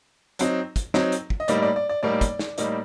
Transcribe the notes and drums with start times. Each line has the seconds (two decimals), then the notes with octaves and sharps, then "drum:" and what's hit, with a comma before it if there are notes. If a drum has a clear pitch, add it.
0.39 F#3 C4 D#4, drum: hi-hat
0.76 drum: kick, hi-hat
0.94 F#3 C4 D#4, drum: snare
1.12 drum: hi-hat
1.30 drum: kick
1.40 D#5
1.48 A2 G3 A#3 D#4 D5, drum: hi-hat
1.62 D5
1.76 D5
1.89 D5
2.03 A2 G3 A#3 D#4 D5
2.21 drum: kick, hi-hat
2.39 drum: snare
2.58 A2 G3 A#3 D#4, drum: hi-hat